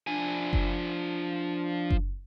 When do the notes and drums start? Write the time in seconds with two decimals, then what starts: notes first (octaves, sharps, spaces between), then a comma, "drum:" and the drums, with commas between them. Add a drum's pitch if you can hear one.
0.07 F3 D4 G#5
0.53 drum: kick F#1
1.91 drum: kick F#1